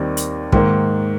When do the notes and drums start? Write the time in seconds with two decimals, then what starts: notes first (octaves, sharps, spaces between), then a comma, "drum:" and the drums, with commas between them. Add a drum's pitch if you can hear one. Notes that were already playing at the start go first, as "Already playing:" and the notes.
Already playing: D#2 D#3 G3 C4 D#4
0.17 drum: hi-hat
0.52 G#2 D#3 A#3, drum: kick